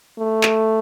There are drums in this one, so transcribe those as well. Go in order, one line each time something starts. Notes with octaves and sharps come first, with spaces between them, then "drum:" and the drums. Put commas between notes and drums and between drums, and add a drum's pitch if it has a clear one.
A3
drum: clap